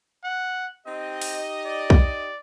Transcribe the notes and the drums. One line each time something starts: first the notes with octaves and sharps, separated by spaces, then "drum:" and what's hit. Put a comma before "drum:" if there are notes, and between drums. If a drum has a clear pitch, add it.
F#5
C4 D#4 G4 D#5
drum: open hi-hat
D5
drum: kick